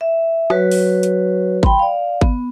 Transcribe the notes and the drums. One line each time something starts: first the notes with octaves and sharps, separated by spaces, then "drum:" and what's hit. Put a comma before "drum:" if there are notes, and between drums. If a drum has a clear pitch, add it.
E5
F#3 F#4 B4 C#5, drum: rim click
drum: open hi-hat
drum: hi-hat
G5 B5 C6, drum: kick G#1
D5 F5
B3, drum: kick G#1